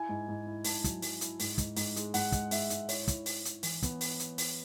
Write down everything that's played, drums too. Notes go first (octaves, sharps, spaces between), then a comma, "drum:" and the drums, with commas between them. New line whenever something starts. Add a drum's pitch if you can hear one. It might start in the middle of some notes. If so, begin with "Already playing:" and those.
Already playing: E4 G#5
G#2
G#2
E4
G#2 A5, drum: open hi-hat
F#3, drum: kick, hi-hat
F#3, drum: open hi-hat
E4, drum: hi-hat
G#2, drum: open hi-hat
G#2, drum: kick, hi-hat
G#2, drum: open hi-hat
G#3, drum: hi-hat
G#2 F#5, drum: open hi-hat
G#3, drum: kick, hi-hat
G#2 E5, drum: open hi-hat
G#2, drum: hi-hat
E4 C#5, drum: open hi-hat
E4, drum: kick, hi-hat
E4, drum: open hi-hat
E4, drum: hi-hat
E3, drum: open hi-hat
B3, drum: kick, hi-hat
drum: open hi-hat
drum: hi-hat
drum: open hi-hat